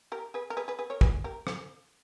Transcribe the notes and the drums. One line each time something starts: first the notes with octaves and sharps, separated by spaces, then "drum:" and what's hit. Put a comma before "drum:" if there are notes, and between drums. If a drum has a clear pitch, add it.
G4 A#4
G#4 B4
A#4
G#4 B4
G#4 B4
G#4 B4
A#4 C#5
G#4 B4, drum: kick
G4 A#4
drum: rim click